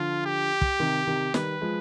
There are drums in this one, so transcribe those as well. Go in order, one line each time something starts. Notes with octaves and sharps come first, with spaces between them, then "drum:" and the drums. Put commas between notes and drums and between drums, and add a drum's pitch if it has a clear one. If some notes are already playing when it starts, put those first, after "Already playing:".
Already playing: D3 F3 F4
G4
drum: kick
C3 D#3
C3 D#3
D#3 G3 B4, drum: snare
F3 G#3